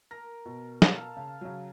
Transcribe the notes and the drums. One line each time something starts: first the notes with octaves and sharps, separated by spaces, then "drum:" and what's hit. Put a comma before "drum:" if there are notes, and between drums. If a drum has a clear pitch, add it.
A#4 A#6
B2
drum: snare
A4 F5 A5
C#3
C#3 F#3